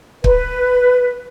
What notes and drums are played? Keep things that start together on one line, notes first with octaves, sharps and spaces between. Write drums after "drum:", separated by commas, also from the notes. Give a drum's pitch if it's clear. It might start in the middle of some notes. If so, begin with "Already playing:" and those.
B4, drum: kick